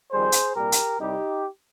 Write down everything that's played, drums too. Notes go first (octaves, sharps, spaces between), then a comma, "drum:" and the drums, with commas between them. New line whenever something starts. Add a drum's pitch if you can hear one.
F2 D#3 G3 G#4 C5
drum: hi-hat
C2 A#2 G3 G4 A#4
drum: hi-hat
C2 C3 G3 D#4 G4